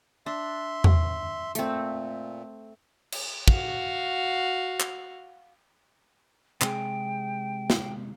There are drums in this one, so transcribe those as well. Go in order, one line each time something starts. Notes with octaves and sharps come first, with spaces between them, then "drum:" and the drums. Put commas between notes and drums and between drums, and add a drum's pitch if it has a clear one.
D4 E5 C6
drum: tom E2
A#2 A3 C4, drum: hi-hat
drum: cymbal
F#4 F5, drum: kick
drum: clap
C3 G#3 G#4 G5, drum: clap
drum: snare